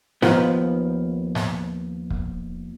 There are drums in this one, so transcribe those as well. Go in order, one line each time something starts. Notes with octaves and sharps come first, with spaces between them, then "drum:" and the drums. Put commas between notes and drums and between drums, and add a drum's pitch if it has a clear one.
D#2 D#3 F3 B3, drum: snare G#2
drum: snare G#2
drum: kick